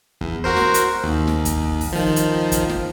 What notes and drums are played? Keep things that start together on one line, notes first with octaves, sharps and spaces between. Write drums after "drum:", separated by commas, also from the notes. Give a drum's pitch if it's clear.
E2, drum: kick
F#4 A#4 C5
drum: snare
drum: hi-hat
D#2
drum: snare
drum: kick, hi-hat
drum: kick, open hi-hat
D#3 F3
drum: hi-hat
drum: kick, hi-hat
drum: snare